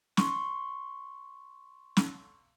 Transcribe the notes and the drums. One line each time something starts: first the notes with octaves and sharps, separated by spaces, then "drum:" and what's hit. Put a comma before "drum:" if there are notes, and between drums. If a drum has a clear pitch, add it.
C6 C#6, drum: snare
drum: snare